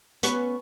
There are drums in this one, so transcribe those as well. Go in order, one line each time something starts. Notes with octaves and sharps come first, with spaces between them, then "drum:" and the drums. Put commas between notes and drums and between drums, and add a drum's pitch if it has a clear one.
B3 C#4, drum: hi-hat